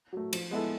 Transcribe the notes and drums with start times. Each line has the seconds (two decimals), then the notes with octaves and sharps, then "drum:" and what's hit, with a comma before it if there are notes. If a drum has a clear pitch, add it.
0.13 F#3 A3
0.33 F3, drum: cymbal
0.51 G#3 B3 E4 A4